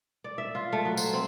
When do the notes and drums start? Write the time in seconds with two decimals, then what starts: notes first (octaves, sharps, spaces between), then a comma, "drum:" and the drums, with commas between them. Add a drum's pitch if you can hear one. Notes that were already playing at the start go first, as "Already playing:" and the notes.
0.24 D5
0.38 E5
0.55 F4
0.73 A3
0.85 F#3
0.97 C5, drum: tambourine
1.14 C4